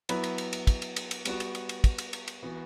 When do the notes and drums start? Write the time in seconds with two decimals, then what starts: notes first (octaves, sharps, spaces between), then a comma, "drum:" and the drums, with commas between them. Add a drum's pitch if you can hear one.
0.09 F#3 B3 E4 B4, drum: cymbal
0.24 drum: cymbal
0.38 drum: cymbal
0.53 drum: cymbal
0.67 drum: kick, cymbal
0.82 drum: cymbal
0.96 drum: cymbal
1.11 drum: cymbal
1.25 G3 B3 F#4, drum: cymbal
1.40 drum: cymbal
1.55 drum: cymbal
1.69 drum: cymbal
1.84 drum: kick, cymbal
1.98 drum: cymbal
2.13 drum: cymbal
2.28 drum: cymbal
2.43 E3 B3 F#4